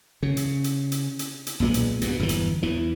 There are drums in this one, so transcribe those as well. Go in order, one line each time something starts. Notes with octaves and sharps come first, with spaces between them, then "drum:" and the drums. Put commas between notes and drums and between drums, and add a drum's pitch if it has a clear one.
C#3
drum: hi-hat
drum: hi-hat
drum: hi-hat
drum: hi-hat
drum: hi-hat
B1 A#2 G#3 B3
drum: hi-hat
G2 B2, drum: hi-hat
G1 E2 A#2 E3
drum: hi-hat
E2 E3